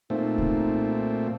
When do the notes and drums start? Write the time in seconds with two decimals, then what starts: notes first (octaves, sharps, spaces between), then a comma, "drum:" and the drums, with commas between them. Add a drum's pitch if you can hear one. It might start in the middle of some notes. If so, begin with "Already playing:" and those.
0.10 A#2 A3 C4 D#4
0.38 drum: kick C2